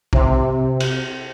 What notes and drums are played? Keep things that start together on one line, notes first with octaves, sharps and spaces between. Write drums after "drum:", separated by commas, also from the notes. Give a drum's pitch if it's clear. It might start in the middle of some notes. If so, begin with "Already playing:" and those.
C3, drum: kick
drum: cymbal